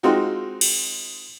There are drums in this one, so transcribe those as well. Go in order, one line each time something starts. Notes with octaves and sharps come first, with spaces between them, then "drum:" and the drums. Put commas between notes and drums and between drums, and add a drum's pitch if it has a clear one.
G#3 C4 D#4 F4 F#4
drum: cymbal